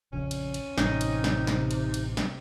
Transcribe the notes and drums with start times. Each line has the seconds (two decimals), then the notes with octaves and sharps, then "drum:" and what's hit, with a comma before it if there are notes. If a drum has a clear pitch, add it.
0.13 A#1 F2 C#3 C#4
0.31 drum: cymbal
0.54 drum: cymbal
0.78 A1 C3 D#4, drum: snare
1.01 drum: cymbal
1.24 drum: snare
1.47 drum: snare
1.71 drum: cymbal
1.94 drum: cymbal
2.17 drum: snare